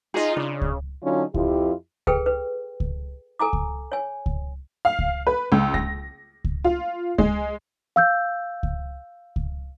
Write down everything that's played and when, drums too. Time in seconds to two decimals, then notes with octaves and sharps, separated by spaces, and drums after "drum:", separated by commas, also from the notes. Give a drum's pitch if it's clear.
0.14 D#4 F4 G#4 D#5
0.37 C#3 D4
0.61 drum: kick C#2
1.03 D3 F#3 C#4 D#4 F4
1.34 F2 E4 F4 G4, drum: kick C#2
2.07 G#4 A4 B4 G5, drum: kick C#2
2.26 B4
2.80 drum: kick C#2
3.39 A4 G#5 A#5 D6
3.53 drum: kick C#2
3.92 C#5 G#5
4.26 drum: kick C#2
4.85 F5
4.99 drum: kick C#2
5.27 B4
5.52 C#2
5.74 A#6, drum: kick C#2
6.44 drum: kick C#2
6.64 F4
7.18 G#3, drum: kick C#2
7.96 F5 E6 G6
8.63 drum: kick C#2
9.36 drum: kick C#2